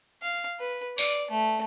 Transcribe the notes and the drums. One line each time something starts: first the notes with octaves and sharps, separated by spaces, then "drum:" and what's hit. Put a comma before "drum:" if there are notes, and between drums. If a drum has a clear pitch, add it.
F5
B4
D5, drum: tambourine
A3